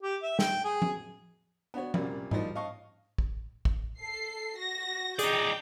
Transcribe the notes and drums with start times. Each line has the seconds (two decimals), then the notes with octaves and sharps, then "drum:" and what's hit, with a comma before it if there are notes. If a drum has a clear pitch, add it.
0.03 G4
0.22 E5
0.39 G5, drum: snare
0.64 G#4
0.82 drum: tom F3
1.74 B3 D4 F#4 C#5
1.94 C2 F#2 A#2 G3, drum: tom F3
2.31 D#3 F3 G3 D#4, drum: tom G#2
2.55 D#5 F5 A5 C#6
3.18 drum: kick
3.65 drum: kick
3.99 A4 C7
4.59 F#4 A#6
5.19 D#4 G#4 D5 G5 G6, drum: hi-hat